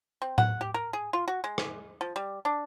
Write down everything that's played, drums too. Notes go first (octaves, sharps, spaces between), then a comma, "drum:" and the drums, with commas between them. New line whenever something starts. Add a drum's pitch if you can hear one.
C4
F#5, drum: tom A2
G4
A#4
G#4
F4
F#4
G#3
drum: rim click
F3
G3
D4